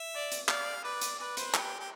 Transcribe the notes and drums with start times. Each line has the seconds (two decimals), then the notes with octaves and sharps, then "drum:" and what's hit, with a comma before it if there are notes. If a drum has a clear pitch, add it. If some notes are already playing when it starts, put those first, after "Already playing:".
Already playing: E5
0.15 D5
0.32 drum: hi-hat
0.49 D5 F5, drum: clap
0.83 B4 D5
1.01 drum: hi-hat
1.19 B4 D5
1.37 C5, drum: hi-hat
1.54 G4, drum: clap
1.79 G4